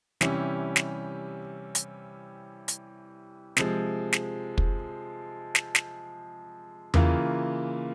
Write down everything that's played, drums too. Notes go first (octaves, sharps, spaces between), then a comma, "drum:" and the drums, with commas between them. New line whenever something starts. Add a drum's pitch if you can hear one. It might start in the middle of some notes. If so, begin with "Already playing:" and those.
C3 E3 G3 C#4 G4, drum: snare
drum: snare
drum: hi-hat
drum: hi-hat
C3 F3 G#3, drum: snare
drum: snare
drum: kick
drum: snare
drum: snare
C#3 E3 A#3 F4, drum: tom E2